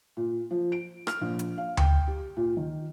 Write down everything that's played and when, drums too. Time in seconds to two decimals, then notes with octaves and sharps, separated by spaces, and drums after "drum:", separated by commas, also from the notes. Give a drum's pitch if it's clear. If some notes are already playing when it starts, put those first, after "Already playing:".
0.17 A#2
0.51 F3
0.72 D7
1.07 F6, drum: rim click
1.21 A#1
1.39 drum: hi-hat
1.58 F5
1.77 G5, drum: tom D2
2.07 G4
2.37 A#2
2.57 D#3